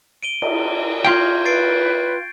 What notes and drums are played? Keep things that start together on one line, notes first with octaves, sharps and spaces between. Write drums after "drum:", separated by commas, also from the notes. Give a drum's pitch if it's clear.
D7 D#7 G7
drum: cymbal
F4 F5 G5 C#6 G6 G#6
B4 A6 C7 D7